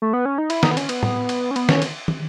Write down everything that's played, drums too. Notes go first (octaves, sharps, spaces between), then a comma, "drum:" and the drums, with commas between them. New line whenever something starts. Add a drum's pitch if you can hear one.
A3
B3
C#4
D#4
E4, drum: cymbal
D#4, drum: snare
B3
C#4, drum: cymbal
B3, drum: cymbal
drum: tom A2
drum: cymbal
C#4
B3, drum: cymbal
C#4, drum: snare
drum: cymbal
drum: tom